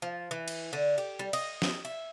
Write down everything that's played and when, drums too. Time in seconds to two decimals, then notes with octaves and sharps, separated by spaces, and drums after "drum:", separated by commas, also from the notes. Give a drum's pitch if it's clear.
0.02 F3
0.31 E3
0.48 drum: cymbal
0.73 D3
0.98 G4
1.19 G3
1.33 D#5, drum: cymbal
1.62 drum: snare
1.85 E5